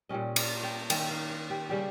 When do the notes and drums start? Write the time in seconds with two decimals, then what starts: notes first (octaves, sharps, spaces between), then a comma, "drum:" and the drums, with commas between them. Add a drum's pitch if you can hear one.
0.09 A#2 G3 C#4 D#5
0.36 F5, drum: cymbal
0.63 G5
0.90 D#3 A#3 C#4 G5, drum: cymbal
1.10 F5
1.30 F5
1.50 G4
1.69 C#3 G3 C#4 G4